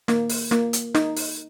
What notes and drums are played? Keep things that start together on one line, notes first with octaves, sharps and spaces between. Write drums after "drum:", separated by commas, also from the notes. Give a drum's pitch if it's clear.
A#3, drum: snare
drum: open hi-hat
A#3, drum: snare
drum: hi-hat
D#4, drum: snare
drum: open hi-hat